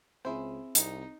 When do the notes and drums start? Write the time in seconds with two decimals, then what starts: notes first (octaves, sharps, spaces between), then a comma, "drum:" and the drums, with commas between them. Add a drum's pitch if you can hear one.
0.25 C#2 C4 E4 G#4 C5
0.75 C2 D#4, drum: hi-hat